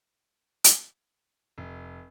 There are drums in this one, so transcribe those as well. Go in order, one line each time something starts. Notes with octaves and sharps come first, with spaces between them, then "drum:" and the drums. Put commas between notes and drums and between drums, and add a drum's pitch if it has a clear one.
drum: hi-hat
F1